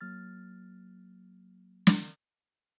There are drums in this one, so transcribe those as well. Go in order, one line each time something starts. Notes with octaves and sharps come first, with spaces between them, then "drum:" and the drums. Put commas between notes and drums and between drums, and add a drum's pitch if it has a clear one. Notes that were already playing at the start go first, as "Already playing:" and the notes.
F#3 A#3 F6 A6
drum: snare